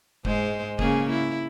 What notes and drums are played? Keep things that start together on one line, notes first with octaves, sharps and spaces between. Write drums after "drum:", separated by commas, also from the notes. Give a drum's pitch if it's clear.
G#2 G#3 C5, drum: kick F1
C#3 A#3 G#4, drum: kick F1
E4